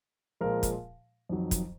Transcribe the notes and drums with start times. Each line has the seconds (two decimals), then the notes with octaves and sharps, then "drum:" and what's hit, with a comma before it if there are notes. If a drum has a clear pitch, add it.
0.41 A#2 F3 G#3 A#4
0.63 drum: kick, hi-hat
1.29 F2 D#3 F#3
1.51 drum: kick, hi-hat